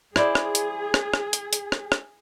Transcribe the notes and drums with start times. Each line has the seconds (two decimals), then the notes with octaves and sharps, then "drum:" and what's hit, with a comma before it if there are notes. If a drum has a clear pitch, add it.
0.16 E4 G#4 C5 D5, drum: rim click
0.35 drum: rim click
0.55 drum: hi-hat
0.94 drum: rim click
1.14 drum: rim click
1.33 drum: hi-hat
1.53 drum: hi-hat
1.72 drum: rim click
1.92 drum: rim click